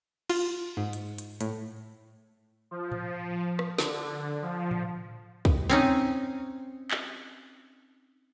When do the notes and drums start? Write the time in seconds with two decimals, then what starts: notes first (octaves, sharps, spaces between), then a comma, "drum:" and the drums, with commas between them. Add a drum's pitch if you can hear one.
0.30 F4, drum: cymbal
0.77 G#2
0.93 drum: hi-hat
1.18 drum: hi-hat
1.41 A2, drum: hi-hat
2.71 F3
2.92 drum: tom A2
3.59 drum: rim click
3.79 D3, drum: snare
4.42 F3
4.71 drum: tom A2
5.45 drum: kick
5.69 C4 C#4 D#4
6.91 drum: clap